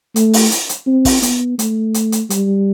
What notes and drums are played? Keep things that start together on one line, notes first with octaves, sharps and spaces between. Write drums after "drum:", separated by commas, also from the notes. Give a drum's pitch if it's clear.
A3, drum: hi-hat
drum: open hi-hat
drum: hi-hat
drum: hi-hat
C4
drum: kick, open hi-hat
B3, drum: hi-hat
A3, drum: hi-hat
drum: hi-hat
drum: hi-hat
G3, drum: hi-hat